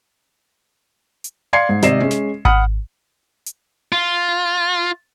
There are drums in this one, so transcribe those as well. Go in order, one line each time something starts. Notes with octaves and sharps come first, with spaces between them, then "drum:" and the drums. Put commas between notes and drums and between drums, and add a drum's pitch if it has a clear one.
drum: hi-hat
D5 F5 C6 G#6 C7 C#7
G#2
G#1 C3 D5 D#5 C7 E7, drum: snare
G#3 C#4
drum: snare
F#5 B5 D#6 F6, drum: kick G#1
drum: hi-hat
F4